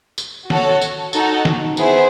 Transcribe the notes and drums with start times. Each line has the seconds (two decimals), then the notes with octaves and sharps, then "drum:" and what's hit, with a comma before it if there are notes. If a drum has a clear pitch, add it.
0.18 drum: tambourine
0.50 F#4 A4 C#5, drum: snare
0.81 drum: tambourine
1.13 D#4 F#4 A4, drum: tambourine
1.45 drum: snare
1.77 B3 E4 G#4 C5, drum: tambourine